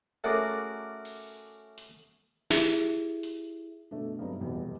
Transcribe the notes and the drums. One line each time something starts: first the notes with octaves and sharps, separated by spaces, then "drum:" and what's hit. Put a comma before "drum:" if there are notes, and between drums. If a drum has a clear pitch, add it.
A3 C#4 F#4 G#4 A#4 D5
drum: open hi-hat
drum: hi-hat
E4 G4 G#4 E5, drum: snare
drum: hi-hat
B2 A3 D4
G2 C3 F#3 B3 D#4
F1 B1 E2 G3